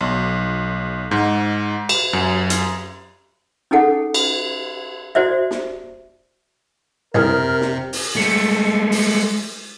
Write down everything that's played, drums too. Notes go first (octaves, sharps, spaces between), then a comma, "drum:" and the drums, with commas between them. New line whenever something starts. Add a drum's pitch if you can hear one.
B1
G#2
E7, drum: cymbal
F#2
drum: hi-hat
C#4 D#4 G#4 A4 F#5
drum: cymbal
F#4 C5 D5 E5
drum: snare
C2 C3 G#4 A#4 F6, drum: tom
drum: snare
drum: open hi-hat
G#3 A3
drum: open hi-hat